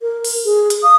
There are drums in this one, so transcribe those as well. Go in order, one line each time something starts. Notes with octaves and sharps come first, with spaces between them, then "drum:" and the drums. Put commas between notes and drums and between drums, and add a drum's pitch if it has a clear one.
A#4
drum: open hi-hat
G#4
drum: hi-hat
F5 D#6